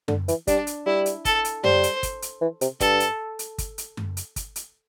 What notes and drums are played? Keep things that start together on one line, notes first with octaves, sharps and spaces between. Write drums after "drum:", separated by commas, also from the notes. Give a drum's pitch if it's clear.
D3, drum: tom F#2
E3, drum: hi-hat
G3 D4, drum: kick, hi-hat
drum: hi-hat
G3 E4
drum: hi-hat
A4, drum: kick, hi-hat
drum: hi-hat
G3 C5, drum: tom F#2
drum: hi-hat
drum: kick, hi-hat
drum: hi-hat
E3
C3, drum: hi-hat
G2 A4, drum: kick, hi-hat
drum: hi-hat
drum: hi-hat
drum: kick, hi-hat
drum: hi-hat
drum: tom F#2
drum: hi-hat
drum: kick, hi-hat
drum: hi-hat